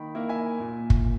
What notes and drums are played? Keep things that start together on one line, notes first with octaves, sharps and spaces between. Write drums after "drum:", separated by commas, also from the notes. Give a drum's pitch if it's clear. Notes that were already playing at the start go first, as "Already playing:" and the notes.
Already playing: D#3 A#3 B5
A#3 E4
E5 G#5
A#2
drum: kick